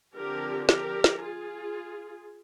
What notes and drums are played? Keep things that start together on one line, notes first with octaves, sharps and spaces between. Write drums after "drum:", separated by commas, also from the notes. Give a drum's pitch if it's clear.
D3 F3 C4 G4 A#4
G4 A#4, drum: snare
drum: snare
F4 G#4